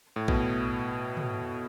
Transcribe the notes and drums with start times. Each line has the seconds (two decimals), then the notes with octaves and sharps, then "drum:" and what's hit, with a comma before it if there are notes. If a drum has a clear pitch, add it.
0.16 A2
0.28 B2, drum: kick A#1
1.17 drum: tom